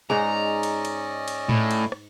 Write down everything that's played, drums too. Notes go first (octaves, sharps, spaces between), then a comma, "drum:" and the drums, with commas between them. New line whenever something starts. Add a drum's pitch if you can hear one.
G#2 G#3 C#4 D#4 D5 D#5 A#5
drum: cymbal
drum: cymbal
drum: cymbal
A2, drum: tom A2
drum: cymbal
drum: rim click